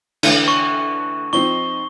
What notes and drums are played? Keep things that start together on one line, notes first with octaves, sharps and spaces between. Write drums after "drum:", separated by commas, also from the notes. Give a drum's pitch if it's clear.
D3 E3 A3, drum: cymbal
C#6
F3 C4 D#4 C#6 G7